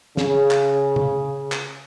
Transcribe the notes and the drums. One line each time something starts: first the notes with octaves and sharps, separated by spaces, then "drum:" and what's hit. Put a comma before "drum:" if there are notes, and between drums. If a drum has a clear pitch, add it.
C#3, drum: snare
drum: clap
drum: tom C3
drum: clap